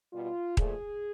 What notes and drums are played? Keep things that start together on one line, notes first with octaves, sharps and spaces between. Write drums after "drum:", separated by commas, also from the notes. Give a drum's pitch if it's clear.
B2 G3 F4
A#2 F3 A3 G#4, drum: kick D#1